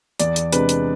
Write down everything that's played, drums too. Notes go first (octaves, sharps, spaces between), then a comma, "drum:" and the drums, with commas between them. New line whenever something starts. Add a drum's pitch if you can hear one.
E2 D5, drum: hi-hat
drum: hi-hat
C3 G#3 D4 B4, drum: hi-hat
drum: hi-hat